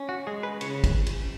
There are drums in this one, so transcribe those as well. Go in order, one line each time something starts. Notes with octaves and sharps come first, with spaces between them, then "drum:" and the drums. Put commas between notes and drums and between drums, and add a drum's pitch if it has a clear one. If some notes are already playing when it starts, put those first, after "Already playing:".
Already playing: C#4
F#4
G#3 G#4
B4
C#3 C#5, drum: cymbal
drum: kick, cymbal
drum: cymbal